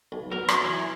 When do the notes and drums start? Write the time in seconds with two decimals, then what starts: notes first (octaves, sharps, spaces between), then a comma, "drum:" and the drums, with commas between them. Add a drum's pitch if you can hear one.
0.12 B1
0.32 F#3 B3 A#4
0.48 drum: rim click
0.64 E3